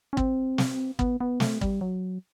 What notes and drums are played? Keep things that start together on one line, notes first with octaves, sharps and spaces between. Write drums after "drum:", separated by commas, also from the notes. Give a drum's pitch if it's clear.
C#4
C4, drum: kick
drum: snare
B3, drum: kick
B3
A3, drum: snare
G3, drum: kick
F#3